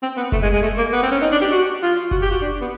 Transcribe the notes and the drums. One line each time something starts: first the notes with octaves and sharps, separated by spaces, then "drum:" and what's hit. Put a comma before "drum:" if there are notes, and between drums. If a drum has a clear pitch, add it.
C4
B3
A3, drum: kick F#1
G#3
G#3
A3
A#3
B3
C4
C#4
D#4
D4
G4
F#4
F4
F#4, drum: kick F#1
G4
F#4
D4
B3